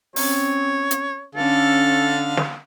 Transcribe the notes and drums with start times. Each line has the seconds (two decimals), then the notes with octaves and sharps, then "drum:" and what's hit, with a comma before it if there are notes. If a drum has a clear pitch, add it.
0.16 C4 C#4 C#5, drum: open hi-hat
0.91 drum: hi-hat
1.35 D3 C#4 A4 F5
2.37 drum: snare